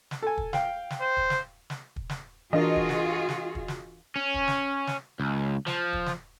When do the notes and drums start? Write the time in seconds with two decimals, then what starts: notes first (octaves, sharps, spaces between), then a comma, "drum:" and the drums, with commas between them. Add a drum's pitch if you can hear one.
0.11 drum: snare
0.22 A4 G#5
0.38 drum: kick
0.53 F5 G5, drum: snare
0.90 drum: snare
1.01 C5
1.17 drum: kick
1.30 drum: snare
1.70 drum: snare
1.96 drum: kick
2.09 drum: snare
2.53 E3 D4 F4 F#4 G#4 A#4 D#5
2.76 drum: kick
2.89 drum: snare
3.29 drum: snare
3.55 drum: kick
3.68 drum: snare
4.16 C#4
4.34 drum: kick
4.48 drum: snare
4.87 drum: snare
5.20 C#2
5.67 F3, drum: snare
5.93 drum: kick
6.06 drum: snare